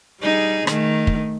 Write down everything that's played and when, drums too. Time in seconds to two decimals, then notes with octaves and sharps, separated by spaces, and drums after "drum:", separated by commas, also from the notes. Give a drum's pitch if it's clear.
0.20 G3 D#4 G#4
0.67 D#3 A3, drum: rim click
1.07 drum: kick